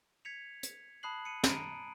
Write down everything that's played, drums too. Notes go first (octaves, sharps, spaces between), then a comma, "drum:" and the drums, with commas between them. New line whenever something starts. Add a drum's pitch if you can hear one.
G#6 B6 C#7 F7
drum: hi-hat
A5 B5 D#6 F#6 C7 F#7
C#7 D#7
A#5 B5 D7 D#7, drum: snare